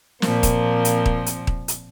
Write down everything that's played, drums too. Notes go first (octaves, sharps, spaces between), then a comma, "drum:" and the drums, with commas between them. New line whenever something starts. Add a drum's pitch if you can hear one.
A#2 F3 A#3 C4, drum: snare
drum: kick D#1, hi-hat
drum: hi-hat
drum: kick D#1
drum: hi-hat
drum: kick D#1
drum: hi-hat